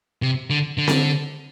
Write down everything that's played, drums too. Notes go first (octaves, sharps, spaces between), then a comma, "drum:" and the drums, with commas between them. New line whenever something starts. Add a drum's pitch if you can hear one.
C3
D3
D3
drum: snare C4